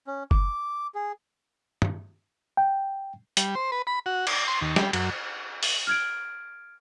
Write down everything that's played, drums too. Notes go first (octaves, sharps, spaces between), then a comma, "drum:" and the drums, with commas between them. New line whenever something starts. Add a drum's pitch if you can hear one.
C#4
D6, drum: kick F#1
G#4
drum: tom
G5
G3, drum: hi-hat
C5
B4
B5
F#4
D5, drum: cymbal
C6
D#2
G3, drum: snare
F#2, drum: cymbal
drum: open hi-hat
F6 G#6 D7